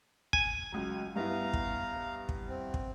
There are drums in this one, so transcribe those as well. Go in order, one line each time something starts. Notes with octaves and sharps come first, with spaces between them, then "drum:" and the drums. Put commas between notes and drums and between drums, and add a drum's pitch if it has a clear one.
G#5, drum: kick
C#2 F#3
G2 B3 E4 F5 A#5
drum: kick
drum: kick
C4
drum: kick